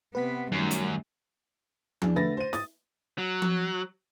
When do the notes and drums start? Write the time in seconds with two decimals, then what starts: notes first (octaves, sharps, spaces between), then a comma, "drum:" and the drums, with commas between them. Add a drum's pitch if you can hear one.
0.15 C3 B3 B4 F#5 B6
0.52 F#2 D#3 G3 A3
0.71 drum: hi-hat
2.02 E2 E3 D4, drum: tom F3
2.16 D3 A3 B4 A6 A#6
2.37 C5 D#7
2.53 D#6 A6, drum: snare
3.18 F#3
3.42 drum: tom F3